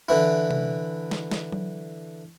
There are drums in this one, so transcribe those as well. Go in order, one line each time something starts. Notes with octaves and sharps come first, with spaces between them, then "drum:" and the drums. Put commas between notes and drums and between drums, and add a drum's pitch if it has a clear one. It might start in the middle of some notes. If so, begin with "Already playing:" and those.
D3 E3 E4
drum: tom C3
drum: snare
drum: snare
drum: tom F#3